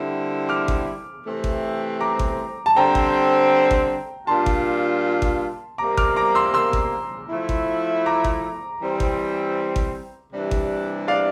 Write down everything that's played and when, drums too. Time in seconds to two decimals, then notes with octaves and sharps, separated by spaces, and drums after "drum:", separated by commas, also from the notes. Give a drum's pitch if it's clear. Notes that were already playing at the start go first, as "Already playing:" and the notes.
Already playing: D3 G3 C4 E4
0.49 D6 F6
0.68 drum: kick G#1
1.24 C3 E3 A3 C4
1.44 drum: kick G#1
2.00 A#5 D6
2.19 drum: kick G#1
2.66 A5
2.76 D3 G3 C4 G5 A#5
2.95 drum: kick G#1
3.71 drum: kick G#1
4.27 A#2 G3 D4 F4 A5 C6
4.46 drum: kick G#1
5.22 drum: kick G#1
5.78 C3 G3 A#3 A#5 D6
5.97 D6 F6, drum: kick G#1
6.16 A#5 D6
6.35 C6 E6
6.54 C6 E6
6.73 drum: kick G#1
7.29 F3 A3 E4
7.49 drum: kick G#1
8.06 A#5 D6
8.24 drum: kick G#1
8.81 E3 G3 C4
9.00 drum: kick G#1
9.76 drum: kick G#1
10.33 C3 E3 G3 D4
10.51 drum: kick G#1
11.08 D5 F5